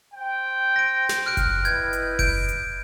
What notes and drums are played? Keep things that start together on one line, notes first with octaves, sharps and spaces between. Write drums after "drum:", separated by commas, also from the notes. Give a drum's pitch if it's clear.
C5 G5
A#6 D7
drum: snare
F6 F#6 D7
drum: kick F#1, hi-hat
E4 B4 D#5 G6 G#6, drum: hi-hat
drum: hi-hat
G6 D7, drum: kick F#1, open hi-hat
drum: hi-hat